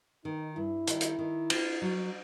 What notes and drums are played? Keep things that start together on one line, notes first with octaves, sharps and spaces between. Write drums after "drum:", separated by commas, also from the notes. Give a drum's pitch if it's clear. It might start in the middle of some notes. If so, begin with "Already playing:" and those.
D#3 D#4
G2 E4
D#3, drum: hi-hat
drum: hi-hat
D#3
C4, drum: cymbal
F#3